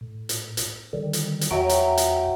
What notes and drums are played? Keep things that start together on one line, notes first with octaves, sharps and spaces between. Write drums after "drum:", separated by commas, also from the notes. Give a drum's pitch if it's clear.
A2
drum: hi-hat
drum: hi-hat
D3 D#3 G3
drum: hi-hat
drum: hi-hat
E2 F#3 E5 G5 A#5
drum: hi-hat
drum: hi-hat